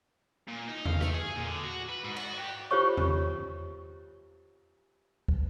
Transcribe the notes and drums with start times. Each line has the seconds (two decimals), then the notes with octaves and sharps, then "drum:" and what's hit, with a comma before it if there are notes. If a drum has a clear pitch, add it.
0.48 A#2
0.68 D#4
0.85 F5, drum: tom E2
1.01 A3, drum: rim click
1.14 G#4
1.36 A#2
1.48 D3
1.63 F#4
1.89 B4
2.04 G#2
2.16 F#4, drum: cymbal
2.37 G4
2.71 F4 G4 C5 C#5 C#6
2.97 drum: tom E2
5.28 drum: kick